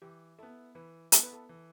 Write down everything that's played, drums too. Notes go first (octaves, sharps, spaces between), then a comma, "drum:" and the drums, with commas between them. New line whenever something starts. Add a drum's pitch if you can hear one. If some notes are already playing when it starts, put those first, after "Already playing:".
E3 G4
B3 E4 A4
E3 B4
B3 E4 A4, drum: hi-hat
B4
A4
E3